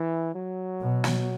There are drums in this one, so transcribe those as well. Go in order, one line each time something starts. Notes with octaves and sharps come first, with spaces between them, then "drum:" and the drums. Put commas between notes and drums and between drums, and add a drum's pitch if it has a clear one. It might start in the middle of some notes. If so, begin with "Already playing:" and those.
Already playing: E3
F#3
B2
drum: snare